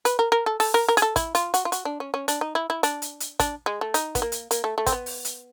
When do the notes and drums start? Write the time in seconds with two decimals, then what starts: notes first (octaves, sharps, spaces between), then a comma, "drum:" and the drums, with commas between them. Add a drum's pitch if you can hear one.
0.05 B4, drum: hi-hat
0.19 A#4
0.32 A#4
0.46 A4
0.60 A4, drum: open hi-hat
0.74 A#4
0.88 A#4
0.97 G#4, drum: hi-hat
1.02 A4
1.16 E4, drum: kick, hi-hat
1.35 F4, drum: hi-hat
1.54 F#4, drum: hi-hat
1.65 F4
1.72 F#4, drum: hi-hat
1.85 D4
2.00 C#4
2.14 C#4
2.28 D4, drum: hi-hat
2.41 D#4
2.55 E4
2.70 E4
2.83 D4, drum: hi-hat
3.02 drum: hi-hat
3.20 drum: hi-hat
3.40 D4, drum: kick, hi-hat
3.66 G#3
3.81 A3
3.94 D#4, drum: hi-hat
4.15 B3, drum: kick, hi-hat
4.22 A#3
4.32 drum: hi-hat
4.51 A#3, drum: hi-hat
4.64 A3
4.78 A3
4.86 C4, drum: kick, hi-hat
4.92 B3
5.06 drum: open hi-hat
5.25 drum: hi-hat